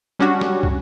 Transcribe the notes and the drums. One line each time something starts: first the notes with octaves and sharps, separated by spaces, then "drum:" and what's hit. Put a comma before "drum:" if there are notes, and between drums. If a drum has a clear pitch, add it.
G3 C#4 D4 F#4
drum: snare
drum: kick